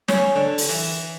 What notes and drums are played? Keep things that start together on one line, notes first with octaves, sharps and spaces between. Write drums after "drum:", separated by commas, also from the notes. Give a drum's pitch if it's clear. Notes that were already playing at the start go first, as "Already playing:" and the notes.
C#4, drum: snare
D3
drum: open hi-hat
E3